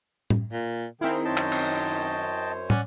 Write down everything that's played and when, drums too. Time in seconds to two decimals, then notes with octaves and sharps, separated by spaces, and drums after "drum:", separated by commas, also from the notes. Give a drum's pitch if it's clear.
0.30 drum: tom A2
0.52 A#2
1.01 D#3 C4 E4 G#4 A#4 F5 G5
1.25 F#2 C5 C#5 D#5 G5 A5
1.37 drum: clap
1.52 drum: cymbal
2.70 C#4 D5 F#5, drum: tom